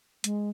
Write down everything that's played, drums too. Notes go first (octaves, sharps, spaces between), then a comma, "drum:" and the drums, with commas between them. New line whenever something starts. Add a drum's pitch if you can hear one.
G#3, drum: hi-hat